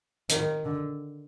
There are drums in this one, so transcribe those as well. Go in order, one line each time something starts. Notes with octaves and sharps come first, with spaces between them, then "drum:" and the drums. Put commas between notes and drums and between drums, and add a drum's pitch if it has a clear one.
D#3, drum: hi-hat
D3